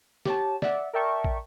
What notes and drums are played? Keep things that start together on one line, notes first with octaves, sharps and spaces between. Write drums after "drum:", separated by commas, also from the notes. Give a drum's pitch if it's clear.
G4 C#5 A5, drum: snare
D5 E5 F#5, drum: snare
A#4 D5 E5 G5 A5 C#6
drum: kick